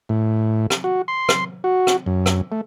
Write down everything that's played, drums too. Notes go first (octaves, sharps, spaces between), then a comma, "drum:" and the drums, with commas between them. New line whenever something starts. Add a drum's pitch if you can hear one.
A2
drum: rim click
F#4
C6
drum: rim click
F#4
drum: rim click
F#2
drum: rim click
A3